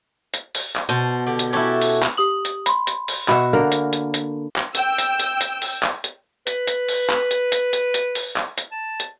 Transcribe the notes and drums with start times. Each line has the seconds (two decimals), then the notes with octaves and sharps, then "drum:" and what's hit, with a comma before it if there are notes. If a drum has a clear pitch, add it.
0.34 drum: hi-hat
0.55 drum: open hi-hat
0.76 drum: clap
0.89 B2 C5 A5
1.27 D3 G4
1.39 drum: hi-hat
1.53 C#4 E4 F#4 G4 A4 G#5
1.81 drum: open hi-hat
2.03 drum: clap
2.17 G4 D#6 F#7
2.45 drum: hi-hat
2.66 B5 C6, drum: hi-hat
2.87 drum: hi-hat
3.08 drum: open hi-hat
3.28 B2 F#4 E5 B5, drum: clap
3.53 D3 A#3 A#4
3.72 drum: hi-hat
3.93 drum: hi-hat
4.14 drum: hi-hat
4.56 drum: clap
4.75 G5 E6, drum: hi-hat
4.98 drum: hi-hat
5.20 drum: hi-hat
5.41 drum: hi-hat
5.62 drum: open hi-hat
5.83 drum: clap
6.04 drum: hi-hat
6.47 B4, drum: hi-hat
6.67 drum: hi-hat
6.89 drum: open hi-hat
7.10 drum: clap
7.31 drum: hi-hat
7.52 drum: hi-hat
7.73 drum: hi-hat
7.94 drum: hi-hat
8.15 drum: open hi-hat
8.36 drum: clap
8.58 drum: hi-hat
8.71 A5
9.00 drum: hi-hat